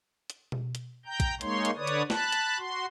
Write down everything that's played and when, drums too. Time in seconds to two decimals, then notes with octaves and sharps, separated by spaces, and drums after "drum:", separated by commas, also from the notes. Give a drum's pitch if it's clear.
0.30 drum: hi-hat
0.52 drum: tom B2
0.75 drum: hi-hat
1.06 G5 A#5 G6
1.20 drum: kick, hi-hat
1.41 G#3 A#3 D#4 C#5 C6, drum: hi-hat
1.65 drum: hi-hat
1.77 D3 B4 C#5 D5 D#6
1.87 drum: hi-hat
2.10 A5 B5 F#6, drum: snare
2.32 drum: hi-hat
2.58 F#4 C6